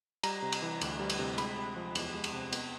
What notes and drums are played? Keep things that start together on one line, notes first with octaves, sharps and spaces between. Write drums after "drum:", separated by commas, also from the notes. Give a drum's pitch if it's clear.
G3 A#5, drum: cymbal
C3
drum: cymbal
E3
D2, drum: cymbal
G3
drum: cymbal
C3
G#3 B5, drum: cymbal
C3
F3
E2, drum: cymbal
G#3
drum: cymbal
C3
B3, drum: cymbal